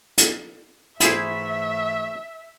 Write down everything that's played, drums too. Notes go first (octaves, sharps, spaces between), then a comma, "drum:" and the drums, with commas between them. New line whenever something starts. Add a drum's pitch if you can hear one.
drum: hi-hat
G#2 E3 A3 E4 G#4 C5 E5, drum: hi-hat